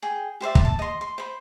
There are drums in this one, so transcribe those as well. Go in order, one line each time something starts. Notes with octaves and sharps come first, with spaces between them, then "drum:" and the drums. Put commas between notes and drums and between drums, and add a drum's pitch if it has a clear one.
G#4 G5
G4 C5 D5 E5
drum: kick
A5
D#5 C6
C6
C5 B5